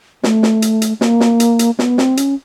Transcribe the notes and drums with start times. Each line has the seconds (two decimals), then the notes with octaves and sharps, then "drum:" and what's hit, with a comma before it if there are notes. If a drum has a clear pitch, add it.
0.23 A3, drum: snare
0.43 drum: snare
0.62 drum: hi-hat
0.82 drum: hi-hat
1.01 A#3, drum: snare
1.20 drum: snare
1.40 drum: hi-hat
1.59 drum: hi-hat
1.79 B3, drum: snare
1.98 C4, drum: snare
2.17 C#4, drum: hi-hat